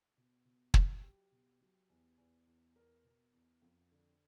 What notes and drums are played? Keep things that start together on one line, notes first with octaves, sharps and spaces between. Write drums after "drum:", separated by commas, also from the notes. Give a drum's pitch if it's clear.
B2
B2
F#3, drum: kick
F#3 G4
B2
F#3
E2
E2
E2
E2 A#4
B2
E2
F2
D3